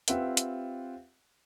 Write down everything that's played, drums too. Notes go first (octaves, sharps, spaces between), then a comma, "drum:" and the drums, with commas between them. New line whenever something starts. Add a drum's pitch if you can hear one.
C4 F4 G4 B4 E5 F#5, drum: hi-hat
drum: hi-hat